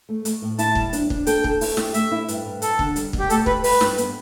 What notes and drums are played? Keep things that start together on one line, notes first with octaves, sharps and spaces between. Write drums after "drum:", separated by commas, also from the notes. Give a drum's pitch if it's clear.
A3
A3, drum: hi-hat
A2
E4 A5, drum: hi-hat
G3, drum: kick
D4, drum: hi-hat
D4, drum: kick
A4 G5, drum: hi-hat
A4, drum: kick
E4, drum: open hi-hat
G4, drum: snare
A3 E5, drum: hi-hat
E4
G2, drum: hi-hat
G2
G2 A4, drum: hi-hat
D3, drum: kick
G3, drum: hi-hat
B2, drum: kick
G4
A3 A4, drum: hi-hat
G4 B4, drum: kick
G2 B4, drum: open hi-hat
G2, drum: snare
B3, drum: hi-hat